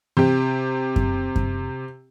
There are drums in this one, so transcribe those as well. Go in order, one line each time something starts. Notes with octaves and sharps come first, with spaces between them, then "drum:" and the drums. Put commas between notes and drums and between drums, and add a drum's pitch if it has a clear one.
C3 G4
drum: kick F#2
drum: kick F#2